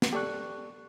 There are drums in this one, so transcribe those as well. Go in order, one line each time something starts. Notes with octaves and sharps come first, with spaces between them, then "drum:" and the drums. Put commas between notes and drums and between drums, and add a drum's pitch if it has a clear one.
drum: snare
G4 A4 D5 C#6 F#6